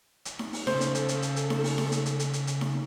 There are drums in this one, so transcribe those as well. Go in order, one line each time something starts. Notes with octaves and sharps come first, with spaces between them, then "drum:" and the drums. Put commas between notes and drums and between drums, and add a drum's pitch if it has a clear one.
drum: hi-hat
drum: snare D#4
drum: open hi-hat
C#3 A4 C5, drum: snare D#4
drum: hi-hat
drum: hi-hat
drum: hi-hat
drum: hi-hat
drum: hi-hat
drum: snare D#4
drum: open hi-hat
drum: snare D#4
drum: hi-hat
drum: hi-hat
drum: hi-hat
drum: hi-hat
drum: hi-hat
drum: snare D#4